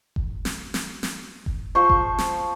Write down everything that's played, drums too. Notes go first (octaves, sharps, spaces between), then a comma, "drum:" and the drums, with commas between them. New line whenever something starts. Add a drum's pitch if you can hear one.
drum: kick F#1
drum: snare
drum: snare
drum: snare
drum: kick F#1
F3 C5 C#6
drum: kick F#1
drum: snare